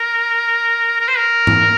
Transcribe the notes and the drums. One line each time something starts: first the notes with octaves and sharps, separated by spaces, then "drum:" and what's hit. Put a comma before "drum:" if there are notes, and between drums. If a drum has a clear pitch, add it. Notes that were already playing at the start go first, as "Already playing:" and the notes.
Already playing: A#4
A#4
C5
A#4
drum: tom G#2